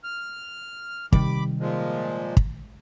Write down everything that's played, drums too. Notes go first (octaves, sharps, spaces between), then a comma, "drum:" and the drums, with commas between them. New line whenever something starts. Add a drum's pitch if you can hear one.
F6
C3 D#3 G3 B5 D6, drum: kick
A#2 F3 G#3
drum: kick